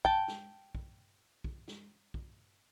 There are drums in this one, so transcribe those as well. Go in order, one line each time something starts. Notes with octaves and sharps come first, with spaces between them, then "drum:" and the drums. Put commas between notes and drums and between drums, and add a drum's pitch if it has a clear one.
G5 A5, drum: kick
drum: snare
drum: kick
drum: kick
drum: snare
drum: kick